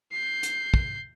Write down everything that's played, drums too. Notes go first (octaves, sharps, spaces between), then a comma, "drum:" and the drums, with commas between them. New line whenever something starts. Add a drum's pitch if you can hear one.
G6 C7
drum: hi-hat
drum: kick